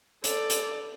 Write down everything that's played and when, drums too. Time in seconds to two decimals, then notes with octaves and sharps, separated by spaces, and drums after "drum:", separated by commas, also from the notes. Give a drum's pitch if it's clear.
0.24 A4 D5, drum: hi-hat
0.50 drum: hi-hat